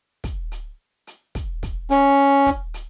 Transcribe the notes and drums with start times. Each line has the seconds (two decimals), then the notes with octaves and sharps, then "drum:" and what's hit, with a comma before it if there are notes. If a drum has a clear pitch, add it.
0.24 drum: kick, hi-hat
0.52 drum: hi-hat
1.07 drum: hi-hat
1.35 drum: kick, hi-hat
1.63 drum: kick, hi-hat
1.91 C#4, drum: hi-hat
2.46 drum: kick, hi-hat
2.74 drum: hi-hat